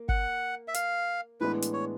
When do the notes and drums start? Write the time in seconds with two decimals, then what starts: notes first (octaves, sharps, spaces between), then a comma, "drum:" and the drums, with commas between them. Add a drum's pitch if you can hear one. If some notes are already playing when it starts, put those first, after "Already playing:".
Already playing: A#3
0.09 F#5, drum: kick G1
0.68 E5
0.74 F5, drum: hi-hat
1.40 A2 E3 G#3 B3 D4 B4
1.62 drum: hi-hat
1.73 C#5